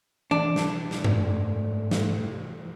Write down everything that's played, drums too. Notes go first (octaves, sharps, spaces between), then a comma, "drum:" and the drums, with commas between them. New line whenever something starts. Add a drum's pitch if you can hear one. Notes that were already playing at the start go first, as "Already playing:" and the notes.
D4, drum: tom E3
drum: snare
drum: snare
G#2 A3, drum: tom F#2
drum: snare